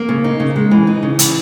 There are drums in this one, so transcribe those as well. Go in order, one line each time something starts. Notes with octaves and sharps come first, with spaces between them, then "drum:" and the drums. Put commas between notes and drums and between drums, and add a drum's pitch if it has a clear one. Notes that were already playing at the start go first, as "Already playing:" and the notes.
Already playing: A#3
C#3
D#4
C#3
G#3
E3
D#4
C#3
E3, drum: hi-hat